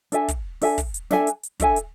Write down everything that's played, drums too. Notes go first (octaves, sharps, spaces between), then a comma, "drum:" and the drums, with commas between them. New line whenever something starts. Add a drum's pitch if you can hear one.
D4 A4 E5 G#5, drum: hi-hat
drum: kick, hi-hat
D4 A4 E5 G#5, drum: open hi-hat
drum: kick, hi-hat
drum: hi-hat
D4 A4 E5 G#5, drum: snare
drum: hi-hat
drum: hi-hat
D4 A4 E5 G#5, drum: kick, hi-hat
drum: hi-hat